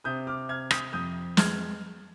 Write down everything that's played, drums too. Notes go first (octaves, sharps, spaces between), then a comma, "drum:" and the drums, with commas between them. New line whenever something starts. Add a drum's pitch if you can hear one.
C3 D#6 G6
D6 F6
C3 F6 G#6
D#6 G6, drum: rim click
F2 D#6 G6
G#3 F6 G#6, drum: snare